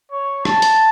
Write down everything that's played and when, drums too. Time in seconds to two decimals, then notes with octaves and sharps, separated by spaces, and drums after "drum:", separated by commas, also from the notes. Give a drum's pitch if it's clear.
0.12 C#5
0.45 A5, drum: rim click
0.62 drum: hi-hat